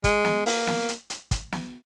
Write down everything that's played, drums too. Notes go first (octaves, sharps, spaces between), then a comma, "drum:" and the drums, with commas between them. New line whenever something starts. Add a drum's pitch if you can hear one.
G#3, drum: kick, hi-hat
drum: snare
A#3, drum: open hi-hat
drum: snare
drum: hi-hat
drum: hi-hat
drum: kick, hi-hat
drum: snare